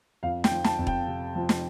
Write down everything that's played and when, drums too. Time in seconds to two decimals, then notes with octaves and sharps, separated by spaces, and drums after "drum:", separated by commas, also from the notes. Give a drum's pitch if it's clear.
0.23 F2 F5
0.44 G5, drum: snare
0.51 F3
0.64 A5, drum: snare
0.79 F2
0.87 G5, drum: kick E1
1.07 C3
1.36 F3
1.49 drum: snare